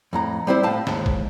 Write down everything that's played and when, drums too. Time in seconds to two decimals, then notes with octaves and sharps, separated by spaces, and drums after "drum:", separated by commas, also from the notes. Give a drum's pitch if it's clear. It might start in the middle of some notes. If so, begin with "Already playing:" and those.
0.13 F2 A2 A#5
0.47 G3 C4 E4 C5
0.63 A2 F5 A5
0.87 D#2 G#2, drum: snare
1.06 drum: kick G1